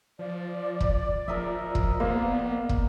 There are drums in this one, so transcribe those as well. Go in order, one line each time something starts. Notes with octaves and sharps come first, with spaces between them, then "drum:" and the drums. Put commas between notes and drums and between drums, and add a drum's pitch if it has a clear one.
F3 D5
drum: kick
F3 A#4 D#5 E5
drum: kick
A#3 B3 C5 D5
drum: kick